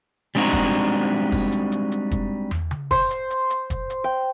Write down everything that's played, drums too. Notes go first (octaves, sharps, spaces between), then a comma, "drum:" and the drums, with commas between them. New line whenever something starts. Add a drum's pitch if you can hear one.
G3 G#3 C4 D4 D#4 F#4
drum: kick, hi-hat
drum: hi-hat
drum: kick, open hi-hat
drum: hi-hat
drum: hi-hat
drum: hi-hat
drum: kick, hi-hat
drum: tom
drum: tom C#3
C5, drum: kick, open hi-hat
drum: hi-hat
drum: hi-hat
drum: hi-hat
drum: kick, hi-hat
drum: hi-hat
G5